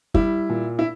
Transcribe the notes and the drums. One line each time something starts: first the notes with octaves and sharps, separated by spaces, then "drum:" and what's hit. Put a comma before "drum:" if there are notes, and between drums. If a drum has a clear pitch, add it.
G3 E4, drum: kick
A#2
E4